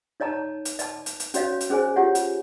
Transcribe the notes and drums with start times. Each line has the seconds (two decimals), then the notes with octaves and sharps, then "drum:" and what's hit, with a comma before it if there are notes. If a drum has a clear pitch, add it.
0.20 D#4 C#5 D#5 A5 A#5
0.65 drum: hi-hat
0.79 D#5 A5, drum: hi-hat
1.06 drum: hi-hat
1.20 drum: hi-hat
1.34 C#4 F#4 C#5 D#5 F5, drum: hi-hat
1.61 drum: hi-hat
1.70 C#4 G#4 C5 G#5
1.96 F4 G4 C#5 F#5
2.15 drum: hi-hat